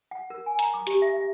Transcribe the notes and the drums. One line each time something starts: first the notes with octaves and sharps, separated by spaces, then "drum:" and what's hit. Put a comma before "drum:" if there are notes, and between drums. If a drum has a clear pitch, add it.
F#5
A#4
G#5
A#5, drum: hi-hat
D6
G4, drum: hi-hat
E5
E5